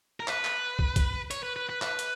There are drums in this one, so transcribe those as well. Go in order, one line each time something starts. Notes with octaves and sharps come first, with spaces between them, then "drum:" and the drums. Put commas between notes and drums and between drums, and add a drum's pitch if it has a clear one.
A#4
B4, drum: clap
drum: clap
drum: kick
drum: kick, hi-hat
C#5, drum: hi-hat
B4
B4
B4
B4, drum: clap
drum: hi-hat